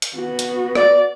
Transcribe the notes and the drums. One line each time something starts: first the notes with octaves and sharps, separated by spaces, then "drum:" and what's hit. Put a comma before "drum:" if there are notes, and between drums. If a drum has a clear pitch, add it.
drum: hi-hat
B3 F#4
drum: hi-hat
D5, drum: rim click